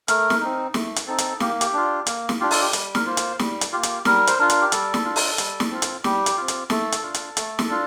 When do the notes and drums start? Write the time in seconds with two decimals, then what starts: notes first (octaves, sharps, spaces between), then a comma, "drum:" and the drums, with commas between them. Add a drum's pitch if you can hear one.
0.08 A3 A#4, drum: hi-hat
0.30 drum: snare
0.41 C4 D#4
0.74 A3, drum: snare
0.96 drum: hi-hat
1.07 C4 D#4 A4
1.18 drum: hi-hat
1.40 A#3 G4, drum: snare
1.61 G4, drum: hi-hat
1.73 D4 F4
2.07 A#3, drum: hi-hat
2.29 drum: snare
2.40 D4 F4 G4
2.51 A4, drum: open hi-hat
2.61 G4
2.73 G3, drum: hi-hat
2.95 A#4, drum: snare
3.06 A#3 F4 C5
3.17 drum: hi-hat
3.39 G3, drum: snare
3.61 drum: hi-hat
3.72 A#3 F4 G4
3.83 drum: hi-hat
4.05 G3 A#4, drum: snare
4.27 C5, drum: hi-hat
4.39 D4 F4 A#4
4.50 drum: hi-hat
4.61 G4
4.72 G3 A4, drum: hi-hat
4.94 drum: snare
5.05 D4 F4
5.16 drum: open hi-hat
5.38 G3, drum: hi-hat
5.60 drum: snare
5.71 C4 F4
5.82 drum: hi-hat
6.04 G3 G4, drum: snare
6.26 drum: hi-hat
6.37 C4 F4
6.48 drum: hi-hat
6.70 A3 A4, drum: snare
6.92 drum: hi-hat
7.03 D4 F4
7.14 drum: hi-hat
7.37 A3, drum: hi-hat
7.59 drum: snare
7.69 D4 F4